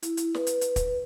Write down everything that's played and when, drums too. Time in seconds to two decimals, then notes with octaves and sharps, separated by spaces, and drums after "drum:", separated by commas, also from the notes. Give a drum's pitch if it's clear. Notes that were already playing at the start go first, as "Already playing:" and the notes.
0.03 E4, drum: hi-hat
0.17 drum: hi-hat
0.35 B4, drum: snare
0.47 drum: hi-hat
0.61 drum: hi-hat
0.76 drum: kick, hi-hat